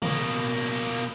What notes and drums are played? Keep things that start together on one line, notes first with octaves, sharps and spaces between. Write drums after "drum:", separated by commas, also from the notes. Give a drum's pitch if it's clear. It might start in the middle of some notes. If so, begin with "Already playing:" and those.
B2 A#3, drum: tom
drum: hi-hat